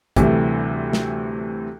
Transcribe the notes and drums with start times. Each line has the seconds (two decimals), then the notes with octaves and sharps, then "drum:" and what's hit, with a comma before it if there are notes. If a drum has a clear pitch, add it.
0.16 D2 C3 E3 G3 A3, drum: kick A#1, hi-hat
0.93 drum: snare